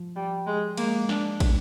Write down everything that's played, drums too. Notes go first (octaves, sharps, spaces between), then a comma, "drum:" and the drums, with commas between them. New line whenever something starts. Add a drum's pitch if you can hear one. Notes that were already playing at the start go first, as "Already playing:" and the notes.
Already playing: F3
G3
G#3
G#3 A#3, drum: cymbal
D4, drum: snare
drum: kick, cymbal